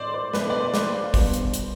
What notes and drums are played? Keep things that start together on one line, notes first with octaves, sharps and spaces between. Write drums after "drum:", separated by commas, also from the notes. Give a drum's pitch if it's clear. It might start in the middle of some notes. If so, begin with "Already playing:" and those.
Already playing: A2 C4 C5 D5
C5
B2 A3 E4 B4, drum: snare
D5
C5
D5, drum: snare
F5
B2 G3 B3 D4 C5, drum: kick, open hi-hat
drum: hi-hat
drum: hi-hat